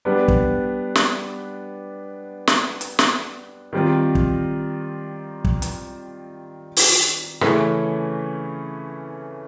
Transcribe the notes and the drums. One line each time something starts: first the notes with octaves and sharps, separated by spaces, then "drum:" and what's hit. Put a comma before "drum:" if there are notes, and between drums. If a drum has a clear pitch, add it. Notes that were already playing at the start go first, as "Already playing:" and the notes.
G3 B3 D4
drum: kick
drum: snare
drum: snare
drum: hi-hat
drum: snare
D#3 G3 C4 F4
drum: kick
drum: kick
drum: hi-hat
drum: open hi-hat
C#3 E3 A3 C#4 E4, drum: rim click